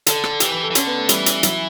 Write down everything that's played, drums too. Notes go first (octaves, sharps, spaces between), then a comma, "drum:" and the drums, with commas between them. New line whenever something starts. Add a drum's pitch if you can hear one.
D3 A4, drum: hi-hat
drum: rim click
E3 G4, drum: hi-hat
B4
A4
E3
D3 C#4, drum: hi-hat
B3
A3
E3 G3, drum: hi-hat
drum: hi-hat
F#3, drum: hi-hat